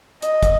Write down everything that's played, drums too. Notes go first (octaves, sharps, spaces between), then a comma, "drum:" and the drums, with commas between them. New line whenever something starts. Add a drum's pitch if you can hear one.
D#5, drum: hi-hat
drum: kick, hi-hat